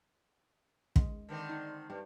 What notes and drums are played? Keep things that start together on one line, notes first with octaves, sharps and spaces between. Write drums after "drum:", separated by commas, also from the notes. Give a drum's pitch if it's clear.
G#3, drum: kick
D3 D#3 C4
D#4
G2 G3